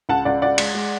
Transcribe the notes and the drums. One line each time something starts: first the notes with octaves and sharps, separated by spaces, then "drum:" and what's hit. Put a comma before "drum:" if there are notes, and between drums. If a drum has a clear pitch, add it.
C#2 F#5 A5
C#2 D5 F#5
C#2 D5 F#5
G#3, drum: cymbal
G#3